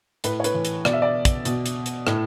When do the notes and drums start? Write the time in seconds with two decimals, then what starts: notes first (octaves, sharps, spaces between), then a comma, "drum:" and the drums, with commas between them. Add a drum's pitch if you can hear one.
0.24 A2 B4, drum: hi-hat
0.40 C#5
0.44 B4, drum: hi-hat
0.54 E3
0.65 drum: hi-hat
0.85 B2 D5, drum: rim click
0.93 E5
1.02 D5
1.25 drum: kick, hi-hat
1.45 B2, drum: hi-hat
1.66 drum: hi-hat
1.86 drum: hi-hat
2.07 A2, drum: rim click